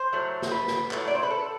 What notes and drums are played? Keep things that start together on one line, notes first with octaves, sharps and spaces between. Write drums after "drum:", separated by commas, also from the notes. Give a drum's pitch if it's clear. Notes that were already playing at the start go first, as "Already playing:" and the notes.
Already playing: C5
A2 F#3 A3
drum: snare
B4
drum: snare
A2 F#3 A3, drum: clap
D5
C5
B4
A4